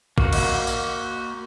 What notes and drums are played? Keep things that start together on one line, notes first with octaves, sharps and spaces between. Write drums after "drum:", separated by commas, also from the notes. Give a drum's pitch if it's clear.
A#3 F#4, drum: kick
drum: cymbal
drum: tambourine